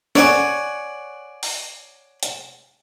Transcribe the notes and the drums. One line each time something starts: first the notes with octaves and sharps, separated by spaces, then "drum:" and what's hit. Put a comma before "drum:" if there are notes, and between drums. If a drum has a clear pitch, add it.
C#5 D5 F#5 G#5, drum: snare
drum: open hi-hat
drum: hi-hat